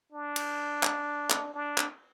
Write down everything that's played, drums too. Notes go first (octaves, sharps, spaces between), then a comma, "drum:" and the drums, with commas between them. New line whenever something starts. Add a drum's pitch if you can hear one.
D4
drum: cymbal
drum: clap
drum: clap
D4
drum: clap